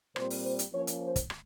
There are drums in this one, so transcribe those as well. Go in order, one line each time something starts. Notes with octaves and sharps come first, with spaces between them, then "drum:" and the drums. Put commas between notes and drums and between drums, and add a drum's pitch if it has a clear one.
A#2 G3 C4 C5, drum: rim click
drum: open hi-hat
C5
drum: hi-hat
F3 A#3 C#4 C#5
drum: hi-hat
C5
drum: kick, hi-hat
drum: rim click